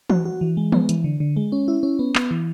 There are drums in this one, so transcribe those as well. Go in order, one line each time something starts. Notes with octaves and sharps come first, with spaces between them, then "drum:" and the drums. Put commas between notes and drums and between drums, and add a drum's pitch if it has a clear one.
F#4, drum: tom E3
F#4
E3
G#3
B3, drum: tom E3
E3, drum: hi-hat
D3
D3
G#3
C#4
E4
C#4
B3
B3, drum: clap
E3